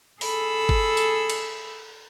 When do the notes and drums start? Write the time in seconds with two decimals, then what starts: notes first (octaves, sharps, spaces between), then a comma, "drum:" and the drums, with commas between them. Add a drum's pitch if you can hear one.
0.21 G#4 A4 B5 E6, drum: open hi-hat
0.69 drum: kick
0.97 drum: tambourine
1.30 drum: cymbal